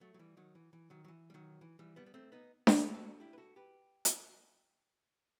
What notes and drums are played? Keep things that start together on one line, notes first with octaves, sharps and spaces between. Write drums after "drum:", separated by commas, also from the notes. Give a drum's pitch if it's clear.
F#3 A3
F#3
E3 G3
D#3 F#3
E3
E3
D#3 F#3
F#3
E3
G3
D#3 F#3
E3
E3 G3
G3 B3
B3
A3 C4
B3 D#4
E4 G4, drum: snare D4
F#4 A4
E4 G4
B4
F#4 A4
G4 B4
drum: hi-hat